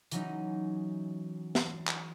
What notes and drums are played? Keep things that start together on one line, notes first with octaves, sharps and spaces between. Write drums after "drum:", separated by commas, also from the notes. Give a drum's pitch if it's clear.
E3 F#3 C#4 D#4, drum: hi-hat
drum: snare
drum: clap